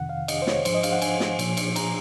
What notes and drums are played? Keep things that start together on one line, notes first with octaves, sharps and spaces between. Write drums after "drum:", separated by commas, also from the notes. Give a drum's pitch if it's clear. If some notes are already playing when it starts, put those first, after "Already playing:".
Already playing: F2 C3 D#3 F#5
F5
D#5, drum: cymbal
C5
C#5, drum: snare
G#2 F3 C5, drum: cymbal
D#5
F5, drum: cymbal
F#5
G#5, drum: cymbal
drum: snare
A#2 F3, drum: cymbal
drum: cymbal
A#5, drum: cymbal